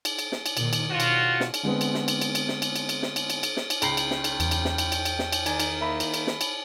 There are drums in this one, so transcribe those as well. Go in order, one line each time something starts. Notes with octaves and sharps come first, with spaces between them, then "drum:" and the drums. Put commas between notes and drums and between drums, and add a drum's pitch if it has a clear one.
drum: cymbal
drum: cymbal
drum: snare
drum: cymbal
A#2 D#3, drum: cymbal
drum: cymbal
B2 F4 F#4
drum: cymbal
drum: snare
drum: cymbal
D3 G#3 B3 C4
drum: cymbal
drum: snare
drum: cymbal
drum: cymbal
drum: cymbal
drum: snare
drum: cymbal
drum: cymbal
drum: cymbal
drum: snare
drum: cymbal
drum: cymbal
drum: cymbal
drum: snare
drum: cymbal
C#2 G5 B5 C7, drum: cymbal
drum: cymbal
drum: snare
drum: cymbal
E2, drum: cymbal
drum: cymbal
drum: snare
drum: cymbal
drum: cymbal
drum: cymbal
drum: snare
drum: cymbal
D#3 D5 G#5, drum: cymbal
drum: cymbal
A#3 E5 B5
drum: cymbal
drum: cymbal
drum: snare
drum: cymbal